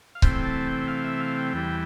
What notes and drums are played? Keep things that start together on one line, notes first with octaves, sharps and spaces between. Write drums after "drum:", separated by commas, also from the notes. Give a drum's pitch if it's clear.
F5
C3 E3 A3 C4 G5, drum: kick C#1
A5
G5
F5
E5
F5
G5
E2 E3 G3 G5